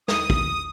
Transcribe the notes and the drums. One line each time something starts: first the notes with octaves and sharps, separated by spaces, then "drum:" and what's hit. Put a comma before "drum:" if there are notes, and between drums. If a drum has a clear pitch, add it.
D#6, drum: snare
drum: kick